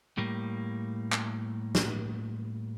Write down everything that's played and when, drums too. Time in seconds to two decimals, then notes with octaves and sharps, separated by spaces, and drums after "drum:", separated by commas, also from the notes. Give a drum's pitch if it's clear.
0.18 A2 G3 A#3
1.12 drum: clap
1.75 drum: snare